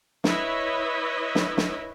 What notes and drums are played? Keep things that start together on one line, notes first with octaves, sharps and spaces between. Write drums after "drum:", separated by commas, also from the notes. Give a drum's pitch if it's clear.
E4 B4 C#5 D#5 E5, drum: snare
drum: snare
drum: snare